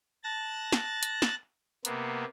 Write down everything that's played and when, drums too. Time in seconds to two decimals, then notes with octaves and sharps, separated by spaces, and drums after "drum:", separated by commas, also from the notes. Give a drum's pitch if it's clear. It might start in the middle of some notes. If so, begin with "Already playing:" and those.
0.24 A5 F#6 A6 A#6
0.72 drum: snare
1.03 drum: hi-hat
1.22 drum: snare
1.85 C3 A#3 B3, drum: hi-hat